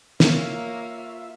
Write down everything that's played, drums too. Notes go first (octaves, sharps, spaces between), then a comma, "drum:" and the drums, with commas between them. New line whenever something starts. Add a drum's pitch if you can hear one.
A#3 F4 C#5 E5 F5, drum: snare